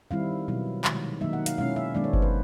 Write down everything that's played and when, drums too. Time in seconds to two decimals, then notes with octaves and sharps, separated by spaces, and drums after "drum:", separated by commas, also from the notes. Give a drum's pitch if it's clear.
0.11 D#3 G3 C4 E4 F5
0.48 B2 F#3 B3 E4
0.84 C3 D#3 G#3, drum: clap
1.21 D#3 F#3 A#3 D#4 E5
1.33 F#5
1.46 F5, drum: hi-hat
1.58 B2 G#3 C#4 E4 F5
1.76 E5
1.95 D#3 G#3 B3 D4 D5
2.04 C#5
2.13 C5, drum: kick G1
2.22 B4